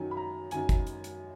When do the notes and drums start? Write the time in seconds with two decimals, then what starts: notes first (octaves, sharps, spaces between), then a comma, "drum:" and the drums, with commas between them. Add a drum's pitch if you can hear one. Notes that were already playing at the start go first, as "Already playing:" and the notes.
Already playing: F#2 D#3 F#3 G#5
0.11 B5
0.17 A#5
0.51 F#2 D#3 F#3 G#5, drum: hi-hat
0.69 drum: kick, hi-hat
0.87 drum: hi-hat
1.04 drum: hi-hat